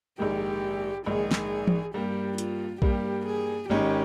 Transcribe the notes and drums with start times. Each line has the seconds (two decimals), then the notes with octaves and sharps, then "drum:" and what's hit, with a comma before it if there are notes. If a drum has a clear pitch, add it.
0.18 A#1 G#2 D#3 G4
1.06 A#1 G#2 D#3 G#4
1.31 drum: snare
1.67 drum: tom E3
1.94 G2 G3 A#3 G4
2.38 F4, drum: hi-hat
2.82 G2 G3 A#3 G4, drum: kick
3.26 G#4
3.70 G#1 G#2 D#3 G#3 C#4 G4